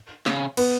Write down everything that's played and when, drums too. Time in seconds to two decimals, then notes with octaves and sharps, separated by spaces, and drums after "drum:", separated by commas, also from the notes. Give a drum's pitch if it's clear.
0.26 C#3, drum: snare
0.57 B3, drum: cymbal